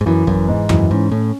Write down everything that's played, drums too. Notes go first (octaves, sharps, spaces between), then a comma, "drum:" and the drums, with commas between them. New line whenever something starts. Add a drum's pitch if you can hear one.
G#2
F#2 E3
F#2 E3, drum: kick
G#2
F#2 E3, drum: tom E2
G#2 C#4
A2 C#4